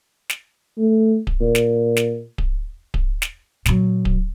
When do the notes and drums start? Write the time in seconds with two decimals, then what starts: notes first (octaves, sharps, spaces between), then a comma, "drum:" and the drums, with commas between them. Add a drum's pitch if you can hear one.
0.30 drum: snare
0.78 A3
1.27 drum: kick D1
1.41 A#2
1.55 drum: snare
1.96 drum: snare
2.38 drum: kick D1
2.94 drum: kick D1
3.22 drum: snare
3.66 A#2 F#3, drum: snare
4.05 drum: kick D1